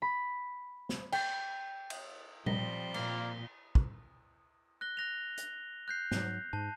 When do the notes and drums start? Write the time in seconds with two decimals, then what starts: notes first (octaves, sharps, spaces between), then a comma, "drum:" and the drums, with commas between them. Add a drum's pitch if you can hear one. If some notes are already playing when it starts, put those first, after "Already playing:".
0.02 B5
0.89 drum: snare
1.12 G5, drum: cymbal
1.90 drum: cymbal
2.46 F3 G3 C4 A#6 B6 G7, drum: tom A#2
2.94 A#2 A#3, drum: cymbal
3.75 drum: kick
4.81 F#6 A#6 G7
4.97 F#6 A#6 F7
5.37 drum: hi-hat
5.88 F#6 G6 C7
6.11 G#2 F#3, drum: snare
6.53 G#2 A5